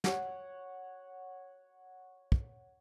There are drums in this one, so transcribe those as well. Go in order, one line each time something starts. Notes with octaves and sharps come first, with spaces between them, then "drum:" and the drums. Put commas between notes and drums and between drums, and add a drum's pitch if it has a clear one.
C#5 F#5, drum: snare
drum: kick